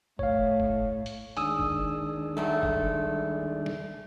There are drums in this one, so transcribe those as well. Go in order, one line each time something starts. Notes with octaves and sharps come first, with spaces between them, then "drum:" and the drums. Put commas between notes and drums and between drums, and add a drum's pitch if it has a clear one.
A2 C#5 F5, drum: kick F#1
drum: kick F#1
drum: hi-hat
D#2 G#3 D4 G#5 D#6 E6, drum: hi-hat
drum: kick F#1
D#3 F#3 G3 A3 A4
drum: kick F#1
drum: snare